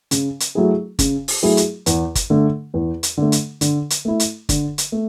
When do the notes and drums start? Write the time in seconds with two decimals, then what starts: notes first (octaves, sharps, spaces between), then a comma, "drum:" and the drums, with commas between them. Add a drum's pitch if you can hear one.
0.11 C#3, drum: hi-hat
0.40 drum: hi-hat
0.55 F#3 A3 E4 G#4
0.99 C#3, drum: kick, hi-hat
1.28 drum: open hi-hat
1.43 F#3 A3 E4 G#4
1.57 drum: hi-hat
1.86 E2, drum: hi-hat
2.15 drum: kick, hi-hat
2.30 D3 A3
2.74 E2
3.03 drum: hi-hat
3.17 D3 A3
3.32 drum: hi-hat
3.61 D3, drum: hi-hat
3.90 drum: hi-hat
4.05 A3 E4
4.20 drum: hi-hat
4.49 D3, drum: kick, hi-hat
4.78 drum: hi-hat
4.92 A3